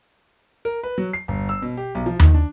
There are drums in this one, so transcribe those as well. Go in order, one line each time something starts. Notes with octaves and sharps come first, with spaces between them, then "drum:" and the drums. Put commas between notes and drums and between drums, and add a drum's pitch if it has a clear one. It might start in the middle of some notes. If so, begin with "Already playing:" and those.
A#4
B4
F#3
C7
G1
E6
B2
G4
B1
F3
D#3, drum: tom D#2
D4